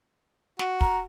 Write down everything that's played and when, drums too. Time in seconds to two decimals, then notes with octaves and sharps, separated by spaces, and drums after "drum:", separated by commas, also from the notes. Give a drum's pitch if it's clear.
0.59 F#4, drum: snare
0.81 A#5, drum: kick